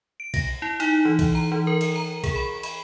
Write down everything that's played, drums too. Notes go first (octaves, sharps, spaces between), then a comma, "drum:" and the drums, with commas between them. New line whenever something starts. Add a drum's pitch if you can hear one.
D7
A#6, drum: kick B1, cymbal
E4
D#4, drum: cymbal
E3
drum: kick B1, cymbal
A#5
E3
A#4
drum: cymbal
A#5
G#4, drum: kick B1, cymbal
B5
B5, drum: cymbal